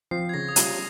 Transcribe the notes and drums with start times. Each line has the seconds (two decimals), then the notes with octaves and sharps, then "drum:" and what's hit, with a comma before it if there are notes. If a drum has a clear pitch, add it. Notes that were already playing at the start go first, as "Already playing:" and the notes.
0.11 F3 C4 C7
0.29 G#6
0.34 C#3 A#6
0.49 D#6
0.56 G3 C#4 F4, drum: hi-hat
0.63 D#6